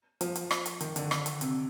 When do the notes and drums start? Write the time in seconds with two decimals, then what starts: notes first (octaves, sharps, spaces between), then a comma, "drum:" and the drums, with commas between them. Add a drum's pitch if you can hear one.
0.21 F3, drum: hi-hat
0.36 drum: hi-hat
0.51 drum: rim click
0.66 drum: hi-hat
0.81 D#3, drum: hi-hat
0.96 D3, drum: hi-hat
1.11 D3, drum: rim click
1.26 drum: hi-hat
1.41 C3, drum: hi-hat